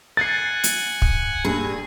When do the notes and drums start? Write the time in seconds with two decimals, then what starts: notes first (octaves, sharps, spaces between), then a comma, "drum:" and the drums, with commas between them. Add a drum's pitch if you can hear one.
0.17 F#5 G#5 A6 C7
0.64 drum: hi-hat
1.02 drum: kick
1.45 G2 A#2 G#4